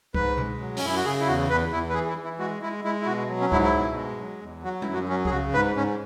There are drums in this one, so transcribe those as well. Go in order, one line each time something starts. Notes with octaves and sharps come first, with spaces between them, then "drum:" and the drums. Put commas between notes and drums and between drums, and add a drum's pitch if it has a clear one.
G#2 B4, drum: kick C#2
G#3, drum: tom B2
F#3
C#4, drum: open hi-hat
F#2 E4
F#4
C#3 G#4
E4
E2 F#4
E2 B4
E2 E4
B4
E3 G#4
E4
E3
E4
G#3 F#4
G#3 E4
G#3 E4
E4
B2 F#4
F#3
C#4
G#2 E4, drum: kick C#2
E4
B2
G#3
F#3
E2
F#3 F#4
F#2 E4, drum: tom G3
F#4
F#3 C#4
G#4, drum: kick C#2
C#3 F#4
G#2 B4
G#2 C#4